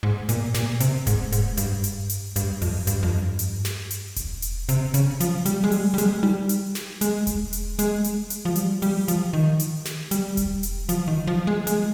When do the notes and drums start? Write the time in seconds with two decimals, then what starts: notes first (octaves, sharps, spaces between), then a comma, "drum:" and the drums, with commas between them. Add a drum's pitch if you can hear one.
0.03 G#2
0.29 A#2, drum: hi-hat
0.54 A#2, drum: snare
0.80 C3, drum: hi-hat
1.07 G#2, drum: kick E1, hi-hat
1.32 G#2, drum: hi-hat
1.57 G2, drum: hi-hat
1.84 drum: hi-hat
2.09 drum: hi-hat
2.36 G2, drum: hi-hat
2.62 F2, drum: open hi-hat
2.87 G2, drum: hi-hat
3.03 F2
3.13 G2
3.39 drum: hi-hat
3.65 drum: snare
3.91 drum: hi-hat
4.16 drum: kick E1, hi-hat
4.42 drum: hi-hat
4.69 C3, drum: hi-hat
4.94 C#3, drum: hi-hat
5.20 F3, drum: hi-hat
5.46 G3, drum: hi-hat
5.64 G#3
5.72 G3, drum: open hi-hat
5.94 G3
5.98 G#3, drum: hi-hat
6.23 G3, drum: tom D#4
6.49 drum: hi-hat
6.75 drum: snare
7.01 G#3, drum: hi-hat
7.27 drum: kick E1, hi-hat
7.53 drum: hi-hat
7.79 G#3, drum: hi-hat
8.04 drum: hi-hat
8.30 drum: hi-hat
8.45 F3
8.56 G3, drum: hi-hat
8.82 G3, drum: open hi-hat
9.08 F3, drum: hi-hat
9.33 D#3
9.60 drum: hi-hat
9.85 drum: snare
10.11 G3, drum: hi-hat
10.37 drum: kick E1, hi-hat
10.63 drum: hi-hat
10.89 F3, drum: hi-hat
11.08 D#3
11.27 F3
11.47 G#3
11.67 G#3, drum: hi-hat